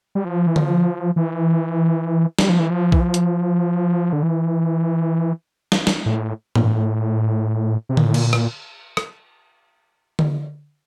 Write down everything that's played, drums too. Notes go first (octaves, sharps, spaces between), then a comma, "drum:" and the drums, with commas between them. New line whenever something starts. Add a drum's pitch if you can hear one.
G3
F3
E3
F3, drum: tom D3
E3
G3, drum: snare
F3
E3
F3
E3, drum: kick B1
F3
drum: hi-hat
D3
E3
drum: snare
drum: snare
A2
A#2, drum: tom G#2
A2
C3
A#2, drum: tom D3
A2
A#2, drum: cymbal
drum: rim click
drum: rim click
drum: tom D3